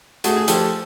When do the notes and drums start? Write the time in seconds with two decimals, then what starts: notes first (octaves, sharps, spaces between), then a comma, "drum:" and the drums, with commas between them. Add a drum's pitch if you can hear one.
0.24 A3 F#4 G#4, drum: hi-hat
0.36 G#4
0.48 F3 G4 A4, drum: hi-hat